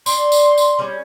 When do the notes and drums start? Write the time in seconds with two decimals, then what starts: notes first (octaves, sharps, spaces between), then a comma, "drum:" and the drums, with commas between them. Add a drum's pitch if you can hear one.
0.06 D5 C6, drum: tambourine
0.32 drum: tambourine
0.57 drum: tambourine
0.79 G3 C#4 G#4